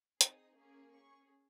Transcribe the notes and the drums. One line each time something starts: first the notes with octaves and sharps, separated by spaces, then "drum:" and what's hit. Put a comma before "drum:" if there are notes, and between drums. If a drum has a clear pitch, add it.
C4 D#4 G#4 D#6, drum: hi-hat
A#3 C#4 G#4
C#4 G#4 C#6